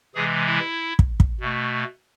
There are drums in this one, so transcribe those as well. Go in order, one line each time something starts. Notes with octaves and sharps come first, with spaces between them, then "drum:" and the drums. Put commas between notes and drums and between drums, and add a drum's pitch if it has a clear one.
C3 E3 G#3 G#4
E4
drum: kick
drum: kick
B2 A3